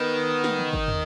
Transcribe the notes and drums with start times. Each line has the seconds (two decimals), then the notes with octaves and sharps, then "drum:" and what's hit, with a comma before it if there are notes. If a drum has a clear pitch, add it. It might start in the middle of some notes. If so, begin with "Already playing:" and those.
Already playing: D#3 B3
0.44 drum: snare
0.59 drum: tom
0.73 drum: kick
0.88 drum: tom